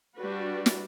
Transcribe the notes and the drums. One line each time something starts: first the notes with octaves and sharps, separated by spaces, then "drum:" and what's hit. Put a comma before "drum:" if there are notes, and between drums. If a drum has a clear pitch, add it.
G3 D4 F#4 B4
drum: snare